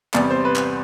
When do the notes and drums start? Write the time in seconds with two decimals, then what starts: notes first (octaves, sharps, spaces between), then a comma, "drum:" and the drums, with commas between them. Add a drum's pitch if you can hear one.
0.14 E2 C3 G3 B3 D5, drum: clap
0.31 C5
0.45 B4
0.56 drum: clap